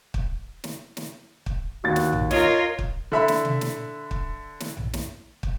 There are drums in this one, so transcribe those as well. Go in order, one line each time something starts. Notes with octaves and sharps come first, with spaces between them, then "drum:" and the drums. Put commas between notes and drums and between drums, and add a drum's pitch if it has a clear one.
drum: kick
drum: snare
drum: snare
drum: kick
D#2 F#4 A6
drum: snare
drum: tom A#1
F4 A#4 C#5 D#5, drum: snare
drum: kick
D3 E5 B5
drum: snare
drum: tom B2
drum: snare
drum: kick
drum: snare
drum: tom A#1
drum: snare
drum: kick